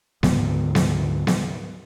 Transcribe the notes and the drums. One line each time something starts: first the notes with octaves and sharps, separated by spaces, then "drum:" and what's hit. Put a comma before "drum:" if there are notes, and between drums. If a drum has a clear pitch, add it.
D2 G#2 D3 B3, drum: snare B3
drum: snare B3
drum: snare B3